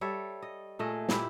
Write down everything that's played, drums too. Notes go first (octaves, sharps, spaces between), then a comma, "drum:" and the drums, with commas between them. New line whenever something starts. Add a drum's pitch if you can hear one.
G3 A4 C#5 E5
D#5
A#2 A3 G#4 D#5
A#2 E4 G4, drum: snare